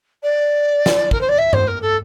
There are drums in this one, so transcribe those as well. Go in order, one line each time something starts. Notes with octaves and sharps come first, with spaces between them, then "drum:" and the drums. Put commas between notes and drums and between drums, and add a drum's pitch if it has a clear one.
D5
drum: snare
A#4, drum: kick
C5
D5
E5
C5, drum: tom G2
A#4
A4